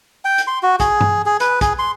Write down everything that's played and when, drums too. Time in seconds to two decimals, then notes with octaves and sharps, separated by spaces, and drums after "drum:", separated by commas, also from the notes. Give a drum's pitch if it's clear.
0.25 G5
0.38 drum: hi-hat
0.47 C6
0.63 F#4
0.80 G#4, drum: kick, hi-hat
1.01 drum: tom
1.26 G#4
1.40 B4, drum: hi-hat
1.61 G#4, drum: kick, hi-hat
1.79 C6